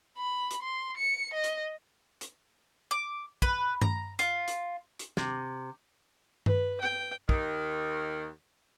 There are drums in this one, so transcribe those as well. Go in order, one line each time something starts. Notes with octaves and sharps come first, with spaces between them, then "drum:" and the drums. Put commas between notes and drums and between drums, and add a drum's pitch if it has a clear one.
B5
drum: hi-hat
C6
C#7
D#5
drum: hi-hat
drum: hi-hat
D6
B4, drum: kick
A#5, drum: tom G2
F4, drum: hi-hat
drum: hi-hat
drum: hi-hat
C3, drum: snare
B4, drum: tom G2
G5
D#2 D#3, drum: kick